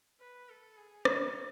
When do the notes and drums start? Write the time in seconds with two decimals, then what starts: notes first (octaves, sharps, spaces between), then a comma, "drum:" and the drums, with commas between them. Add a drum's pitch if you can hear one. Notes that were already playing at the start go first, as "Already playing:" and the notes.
0.20 B4
0.49 A4
0.77 G#4
1.05 F#4, drum: rim click